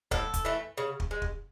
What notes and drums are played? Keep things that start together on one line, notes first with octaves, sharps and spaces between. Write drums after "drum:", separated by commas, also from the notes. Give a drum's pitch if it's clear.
A2 A4, drum: kick
drum: kick, hi-hat
E3 A3
C#3
drum: kick
G#3
drum: kick